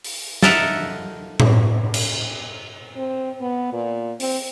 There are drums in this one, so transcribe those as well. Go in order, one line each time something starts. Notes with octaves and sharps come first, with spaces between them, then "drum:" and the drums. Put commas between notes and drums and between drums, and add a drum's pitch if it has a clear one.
drum: open hi-hat
A4 A#4 D#5 E5 F#5, drum: snare
drum: tom A2
drum: cymbal
C4
B3
A#2
C4, drum: open hi-hat